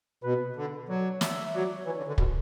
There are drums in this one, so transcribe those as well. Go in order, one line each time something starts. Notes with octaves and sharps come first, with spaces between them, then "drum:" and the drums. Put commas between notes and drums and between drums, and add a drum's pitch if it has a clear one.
B2 B4
D3
F#3 D5
E5, drum: snare
F#3 D5
E3 C#5
D3
D3
B2, drum: kick